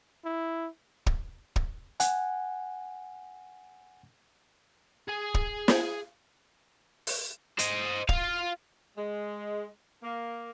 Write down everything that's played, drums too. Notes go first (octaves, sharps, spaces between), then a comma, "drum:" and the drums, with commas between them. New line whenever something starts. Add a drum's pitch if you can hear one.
E4
drum: kick
drum: kick
F#5 G#5, drum: hi-hat
G#4 G#5
drum: kick
drum: snare
drum: open hi-hat
C5 D#5, drum: hi-hat
F4 F5, drum: kick
G#3
A#3